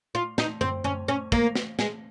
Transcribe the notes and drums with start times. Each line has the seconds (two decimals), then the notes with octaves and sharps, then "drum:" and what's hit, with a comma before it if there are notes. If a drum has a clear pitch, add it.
0.15 F4
0.38 D#4, drum: snare
0.61 C4, drum: tom F#2
0.84 C#4, drum: tom F#2
1.08 C#4
1.32 A#3, drum: kick
1.55 drum: snare
1.79 G#3, drum: snare